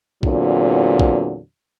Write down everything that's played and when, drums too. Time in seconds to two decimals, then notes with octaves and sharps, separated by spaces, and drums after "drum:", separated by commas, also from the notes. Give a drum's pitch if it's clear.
0.23 E2 A#2 D3 F#3 C4, drum: kick
1.00 drum: kick